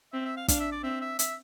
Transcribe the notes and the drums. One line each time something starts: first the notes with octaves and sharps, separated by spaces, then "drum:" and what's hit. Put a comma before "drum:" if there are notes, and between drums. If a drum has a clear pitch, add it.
C4 E5
E5
F5
D4 F5, drum: kick, hi-hat
E5
D5
C4 E5
E5
E5, drum: hi-hat